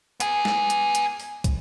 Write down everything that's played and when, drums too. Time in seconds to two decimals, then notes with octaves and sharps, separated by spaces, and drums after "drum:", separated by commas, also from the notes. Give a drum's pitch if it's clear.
0.20 B3 G#4, drum: hi-hat
0.45 drum: snare
0.70 drum: hi-hat
0.95 drum: hi-hat
1.20 drum: open hi-hat
1.44 drum: kick, hi-hat